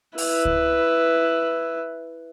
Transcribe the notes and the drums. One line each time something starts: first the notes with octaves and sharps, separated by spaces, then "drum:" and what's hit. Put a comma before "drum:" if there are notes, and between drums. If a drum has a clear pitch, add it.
E4 B4, drum: open hi-hat
drum: kick C#2